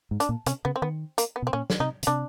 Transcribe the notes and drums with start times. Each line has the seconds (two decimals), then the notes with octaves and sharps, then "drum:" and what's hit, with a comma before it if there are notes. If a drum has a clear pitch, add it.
0.11 G#2
0.20 D4, drum: hi-hat
0.29 A#2
0.46 C3 C#4, drum: hi-hat
0.65 C#3 B3
0.76 C4
0.82 D#3 B3
1.18 A#3, drum: hi-hat
1.36 B3
1.42 B2 C4
1.53 A#2 C#4
1.70 drum: snare
1.80 C3 D#4
2.03 C#3, drum: hi-hat
2.07 C3 D4